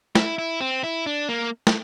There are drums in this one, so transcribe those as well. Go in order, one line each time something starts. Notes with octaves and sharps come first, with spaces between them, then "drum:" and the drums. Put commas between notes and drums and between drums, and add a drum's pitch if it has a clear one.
E4, drum: snare
E4
C4
E4
D4
A#3
drum: snare